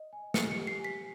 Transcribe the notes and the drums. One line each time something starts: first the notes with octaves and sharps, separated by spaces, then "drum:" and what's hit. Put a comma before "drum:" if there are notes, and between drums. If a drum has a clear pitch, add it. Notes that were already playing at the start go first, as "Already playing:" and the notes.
Already playing: D#5
G#5
G4 C#7, drum: snare
C#7
G4
C7
G#5 B6